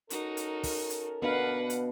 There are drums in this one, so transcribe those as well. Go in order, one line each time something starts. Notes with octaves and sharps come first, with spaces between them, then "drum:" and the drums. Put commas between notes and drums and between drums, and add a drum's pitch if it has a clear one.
C#4 D#4 F#4 A4 A#4, drum: hi-hat
drum: hi-hat
drum: kick, open hi-hat
drum: hi-hat
B2 B3 D4 B4 F5 F#5
drum: hi-hat